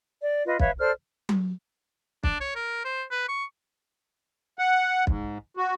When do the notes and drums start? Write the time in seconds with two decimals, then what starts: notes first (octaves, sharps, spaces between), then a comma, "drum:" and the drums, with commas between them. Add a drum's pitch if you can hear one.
0.21 D5
0.46 F4 B4 D#5
0.60 B4 C#5 E5 F5, drum: kick
0.80 A4 C5 D5 F6
1.29 drum: tom F#3
2.24 D4, drum: kick
2.41 C#5
2.56 A#4
2.84 C5
3.11 B4
3.28 C#6
4.59 F#5
5.07 G#2, drum: kick
5.57 F#4